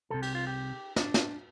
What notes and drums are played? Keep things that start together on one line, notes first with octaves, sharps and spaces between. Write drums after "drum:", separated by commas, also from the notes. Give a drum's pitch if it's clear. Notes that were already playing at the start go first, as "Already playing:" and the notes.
C2 C3 A4
G4, drum: cymbal
F4
G4
D4, drum: snare
drum: snare